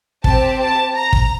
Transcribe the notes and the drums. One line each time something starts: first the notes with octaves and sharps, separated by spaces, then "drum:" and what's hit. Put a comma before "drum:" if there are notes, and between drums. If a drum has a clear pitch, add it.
C4 G4 A5, drum: kick
A5
A#5
drum: kick